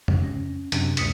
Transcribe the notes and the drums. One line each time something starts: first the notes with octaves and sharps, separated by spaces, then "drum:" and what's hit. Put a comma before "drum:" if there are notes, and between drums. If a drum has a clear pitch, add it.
drum: tom F2
C#4
F#2 C3 D4, drum: hi-hat
C#2 F#2 A#2 D#6 B6 C#7, drum: hi-hat